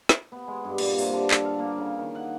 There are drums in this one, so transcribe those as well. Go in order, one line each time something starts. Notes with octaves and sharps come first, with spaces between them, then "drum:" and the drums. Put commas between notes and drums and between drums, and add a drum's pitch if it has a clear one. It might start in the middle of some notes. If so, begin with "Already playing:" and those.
drum: snare
B3
G#3
G2
A#2, drum: cymbal
C3, drum: open hi-hat
D3
A4, drum: clap
F5
A#3
C#3
D#3
F#5